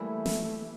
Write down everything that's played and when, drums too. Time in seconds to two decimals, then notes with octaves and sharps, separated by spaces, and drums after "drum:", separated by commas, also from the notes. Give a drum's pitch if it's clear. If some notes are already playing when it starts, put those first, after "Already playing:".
Already playing: E3 G3 A3 A#3 E4 G4
0.26 drum: snare